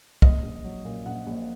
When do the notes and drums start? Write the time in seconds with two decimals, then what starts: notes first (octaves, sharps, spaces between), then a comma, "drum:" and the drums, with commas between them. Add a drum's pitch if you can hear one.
0.22 A#1 D#5, drum: kick
0.43 A#1
0.64 F#3
0.85 A#2
1.06 A#1 F#5
1.27 A#1